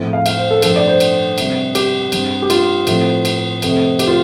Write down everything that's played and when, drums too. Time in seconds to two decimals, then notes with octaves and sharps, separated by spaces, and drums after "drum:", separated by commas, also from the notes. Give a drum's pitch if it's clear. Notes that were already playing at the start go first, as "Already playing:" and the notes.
Already playing: A2 F3 C4
0.13 F5
0.26 F5, drum: cymbal
0.37 C5
0.51 A4
0.62 G2 F3 A3 A4, drum: cymbal
0.76 D5
0.88 C5
1.00 drum: cymbal
1.38 C3 G3 C4, drum: cymbal
1.75 G4, drum: cymbal
2.12 G2 G3 C4, drum: cymbal
2.42 G4
2.50 F4, drum: cymbal
2.87 A2 F3 C4, drum: cymbal
3.25 drum: cymbal
3.62 F2 C3 A3 C4, drum: cymbal
3.99 G4, drum: cymbal
4.07 F4